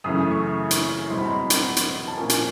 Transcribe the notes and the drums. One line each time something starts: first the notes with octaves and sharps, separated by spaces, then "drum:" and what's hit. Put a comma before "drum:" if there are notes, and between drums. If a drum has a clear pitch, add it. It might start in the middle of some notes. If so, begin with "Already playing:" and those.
F#2 C#3 E3 A3 D#6
C#6
drum: hi-hat
E2 B2 G3 C4 D#4 C6
B5
A#5
B5
drum: hi-hat
drum: hi-hat
A5
A#2 F3 A#3 C#4 G#5
drum: hi-hat